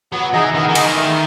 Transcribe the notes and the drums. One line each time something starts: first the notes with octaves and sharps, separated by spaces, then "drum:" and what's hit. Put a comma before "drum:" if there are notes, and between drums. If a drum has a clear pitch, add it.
F#3 B3
E3 D#4 G#4 D#5
D#3 B3
E3
D#4 G#4 D#5, drum: cymbal
D#3
A3